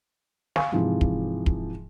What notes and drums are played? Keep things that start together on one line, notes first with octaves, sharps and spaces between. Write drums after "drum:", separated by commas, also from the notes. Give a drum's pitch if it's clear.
F5 G#5 C#6, drum: snare
G#2 C3 E3 F3
drum: kick
drum: kick